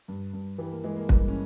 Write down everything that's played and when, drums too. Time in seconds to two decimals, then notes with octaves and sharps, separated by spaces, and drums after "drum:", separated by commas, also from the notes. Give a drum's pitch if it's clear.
0.08 G2
0.33 G2
0.58 E3 G3
0.71 A#3
0.84 E3 G#3
0.96 A#3
1.09 G2 A#3, drum: kick
1.28 C#4